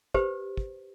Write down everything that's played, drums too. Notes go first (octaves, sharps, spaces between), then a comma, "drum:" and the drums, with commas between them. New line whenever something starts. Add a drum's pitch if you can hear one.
G4 B4 C5, drum: kick
drum: kick